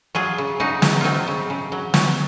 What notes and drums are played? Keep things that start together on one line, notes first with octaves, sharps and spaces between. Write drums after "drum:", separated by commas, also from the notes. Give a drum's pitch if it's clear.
F#3 F4 G#4
C#3
C#3 D#4 F#4
F#3, drum: snare
F#3 C4 D#4 F4
C#3
C#3
F#3
F#3, drum: snare